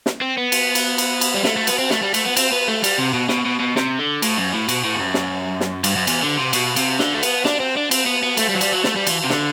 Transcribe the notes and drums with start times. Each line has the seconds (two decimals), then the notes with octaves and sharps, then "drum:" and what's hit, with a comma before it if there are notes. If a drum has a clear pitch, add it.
0.06 drum: snare
0.21 C4
0.37 B3
0.52 drum: cymbal
0.75 drum: cymbal
0.98 drum: cymbal
1.21 drum: cymbal
1.34 G3
1.44 A3, drum: snare
1.57 A3
1.67 B3, drum: cymbal
1.79 C4
1.90 A3, drum: snare
2.02 G3
2.14 A3, drum: cymbal
2.25 B3
2.37 C4, drum: cymbal
2.52 B3
2.68 A3
2.84 G3, drum: cymbal
2.98 C3
3.14 B2
3.29 B2, drum: snare
3.45 B2
3.60 B2
3.76 C3, drum: snare
3.99 D3
4.22 A2, drum: cymbal
4.38 F#2
4.53 A2
4.69 B2, drum: cymbal
4.84 A2
4.95 E2
4.99 F#2
5.14 drum: snare
5.60 drum: snare
5.84 G2, drum: cymbal
5.96 F#2
6.07 E2, drum: cymbal
6.22 D3
6.37 C3
6.53 B2, drum: cymbal
6.76 C3, drum: cymbal
6.99 D3, drum: snare
7.14 A3
7.23 B3, drum: cymbal
7.45 D4, drum: snare
7.60 C4
7.77 D4
7.91 C4, drum: cymbal
8.06 B3
8.23 B3
8.37 A3, drum: cymbal
8.49 G3
8.55 F#3
8.61 G3, drum: cymbal
8.73 F#3
8.84 A3, drum: snare
8.96 G3
9.07 E3, drum: cymbal
9.24 C3
9.30 D3, drum: snare